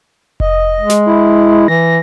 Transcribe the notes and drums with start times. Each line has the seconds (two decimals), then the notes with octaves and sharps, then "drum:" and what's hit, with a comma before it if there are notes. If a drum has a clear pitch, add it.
0.40 D#5, drum: kick F1
0.80 G#3
0.90 drum: snare
1.06 E4
1.68 E3 A#6